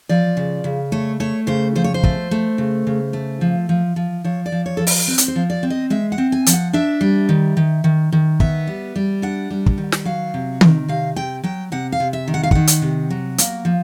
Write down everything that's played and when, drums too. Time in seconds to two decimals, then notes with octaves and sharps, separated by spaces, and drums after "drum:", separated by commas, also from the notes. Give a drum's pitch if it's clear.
0.09 F3 D5
0.37 C#3
0.64 C#3
0.92 A3 C#5
1.20 A3 C#5
1.47 C#3 C5
1.75 F3 C5
1.84 C#5
1.94 C5
2.04 A3, drum: kick
2.31 A3
2.58 C#3
2.87 C#3
3.13 A3
3.41 F3
3.69 F3
3.96 F3
4.24 F3 C#5
4.46 D5
4.52 F3
4.66 C#5
4.77 F3 A4
4.87 A#4, drum: open hi-hat
5.08 C4 B4
5.18 drum: hi-hat
5.28 C5
5.36 F3
5.50 D5
5.63 C4
5.70 D#5
5.90 G#3 E5
6.12 F#5
6.18 C4
6.32 G#5
6.46 F3, drum: hi-hat
6.53 F#5
6.73 D4 E5
7.01 G3
7.29 D#3
7.57 D#3
7.84 D#3
8.12 D#3
8.40 B3 E5, drum: kick
8.67 G3
8.96 G3
9.22 D4 F#5
9.50 G3
9.66 drum: kick
9.78 D#3
9.92 drum: snare
10.05 F#3 F5
10.34 C3
10.61 D#3, drum: tom D#3
10.88 C3 F5
11.16 C3 G5
11.44 F#3 G5
11.72 C3 F#5
11.92 F5
12.00 C3
12.13 E5
12.28 D#3
12.34 F#5
12.43 F5
12.51 D#3 F#5, drum: kick
12.67 drum: hi-hat
12.82 C3
13.10 F#3
13.38 A#3, drum: hi-hat
13.65 F3